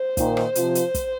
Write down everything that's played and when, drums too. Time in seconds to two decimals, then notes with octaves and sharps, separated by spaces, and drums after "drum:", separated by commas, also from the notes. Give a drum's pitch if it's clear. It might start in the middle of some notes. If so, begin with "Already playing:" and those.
Already playing: C5
0.17 A#2 D#3, drum: kick, hi-hat
0.37 drum: rim click
0.55 C3 F3, drum: hi-hat
0.75 drum: hi-hat
0.94 drum: kick, hi-hat